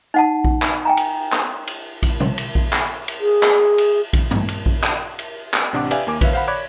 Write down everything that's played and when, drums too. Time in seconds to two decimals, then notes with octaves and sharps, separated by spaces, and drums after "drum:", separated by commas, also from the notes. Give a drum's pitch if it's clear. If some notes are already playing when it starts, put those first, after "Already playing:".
0.14 D#4 F#5 A5
0.44 drum: kick A#1
0.62 drum: clap
0.85 G5 G#5 A#5
0.97 drum: cymbal
1.32 drum: clap
1.67 drum: cymbal
2.03 drum: kick A#1, cymbal
2.20 drum: tom B2
2.38 drum: cymbal
2.55 drum: kick A#1
2.73 drum: clap
3.08 drum: cymbal
3.20 G#4
3.43 drum: clap
3.78 drum: cymbal
4.13 drum: kick A#1, cymbal
4.31 drum: tom
4.48 drum: cymbal
4.66 drum: kick A#1
4.84 drum: clap
5.19 drum: cymbal
5.54 drum: clap
5.73 A1 C3 D4 F#5 D6
5.91 G4 B4 D5 E5 F5 G#5, drum: cymbal
6.06 D#2 A#3 G#5 D6
6.21 B4 C#5 E5 F5, drum: kick A#1, cymbal
6.33 C5 F5 F#5 B5
6.48 C#5 D5 B5 D6 F#6 G#6